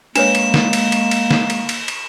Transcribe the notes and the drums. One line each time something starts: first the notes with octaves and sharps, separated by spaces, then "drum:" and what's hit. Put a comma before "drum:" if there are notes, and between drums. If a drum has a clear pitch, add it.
G#3 A#3 D4 B4 C#5 E7, drum: cymbal
drum: cymbal
drum: snare
drum: cymbal
drum: cymbal
drum: cymbal
drum: snare
drum: cymbal
drum: cymbal
drum: cymbal